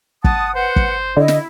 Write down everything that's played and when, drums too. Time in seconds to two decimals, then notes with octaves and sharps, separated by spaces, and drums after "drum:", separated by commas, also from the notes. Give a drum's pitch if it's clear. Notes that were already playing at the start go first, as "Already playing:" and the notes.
0.24 F#5 A5 D#6, drum: kick
0.55 B4 C5 F#5
0.76 drum: kick
1.17 D3 E4 D#5
1.28 drum: snare